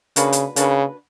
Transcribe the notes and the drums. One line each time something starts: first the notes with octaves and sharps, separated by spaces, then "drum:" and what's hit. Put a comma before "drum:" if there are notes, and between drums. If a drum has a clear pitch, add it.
C#3 A#3 D4 F#4 B4, drum: hi-hat
drum: hi-hat
C#3 A#3 D4 F#4 B4, drum: hi-hat